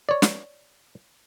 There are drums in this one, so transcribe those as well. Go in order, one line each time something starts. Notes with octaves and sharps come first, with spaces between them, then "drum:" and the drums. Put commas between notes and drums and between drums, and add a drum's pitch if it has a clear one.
C#5 D5
drum: snare